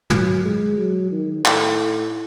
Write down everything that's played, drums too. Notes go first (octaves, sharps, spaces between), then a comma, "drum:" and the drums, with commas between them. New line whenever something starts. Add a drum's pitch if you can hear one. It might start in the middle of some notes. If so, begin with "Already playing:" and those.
F#3, drum: tom
G#3
F#3
D#3
A2, drum: clap